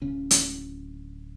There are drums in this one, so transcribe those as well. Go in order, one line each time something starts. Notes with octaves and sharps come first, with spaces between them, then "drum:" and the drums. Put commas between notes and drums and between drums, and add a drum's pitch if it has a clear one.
D1 C#3 C#4
drum: hi-hat